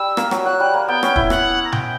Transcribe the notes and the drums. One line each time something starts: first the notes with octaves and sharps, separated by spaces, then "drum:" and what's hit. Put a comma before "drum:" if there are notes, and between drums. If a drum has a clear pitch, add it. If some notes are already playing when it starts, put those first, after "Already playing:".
Already playing: G3 E6
A#3, drum: rim click
F#3, drum: rim click
F#3 F#6
G3
A#3
B3 G5
C#4, drum: rim click
E4, drum: kick
F#5, drum: rim click
A#5
G5, drum: tom B2